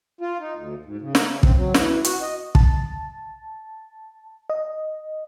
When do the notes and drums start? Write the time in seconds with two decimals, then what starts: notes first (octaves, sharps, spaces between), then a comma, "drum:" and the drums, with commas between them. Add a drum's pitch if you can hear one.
0.21 F4
0.40 D#4
0.57 D2
0.85 G#2
1.02 C#3
1.15 A#4, drum: snare
1.27 C#3
1.43 C4, drum: kick
1.56 F#3
1.74 E3, drum: snare
2.04 F#4, drum: hi-hat
2.22 D#5
2.55 A5, drum: kick
4.50 D#5